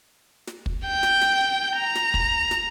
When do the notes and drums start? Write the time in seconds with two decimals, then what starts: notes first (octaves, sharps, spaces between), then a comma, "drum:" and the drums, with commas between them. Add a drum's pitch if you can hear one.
0.47 drum: snare
0.66 drum: kick
0.87 G5 G6
1.03 drum: snare
1.21 drum: snare
1.77 A#5
1.95 drum: snare
2.14 drum: kick
2.51 drum: snare